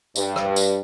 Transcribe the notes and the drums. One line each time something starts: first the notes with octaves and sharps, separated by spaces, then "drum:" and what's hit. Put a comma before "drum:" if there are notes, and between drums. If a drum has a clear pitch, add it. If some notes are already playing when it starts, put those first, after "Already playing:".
G2, drum: tambourine
drum: rim click
drum: tambourine